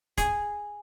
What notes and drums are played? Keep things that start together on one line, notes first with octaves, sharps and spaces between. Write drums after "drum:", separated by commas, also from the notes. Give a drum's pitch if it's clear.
G#4, drum: kick, hi-hat